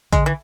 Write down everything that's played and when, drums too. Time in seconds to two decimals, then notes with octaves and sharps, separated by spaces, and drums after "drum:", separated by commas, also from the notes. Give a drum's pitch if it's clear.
0.12 D3 G#3, drum: kick A#1, hi-hat
0.26 E3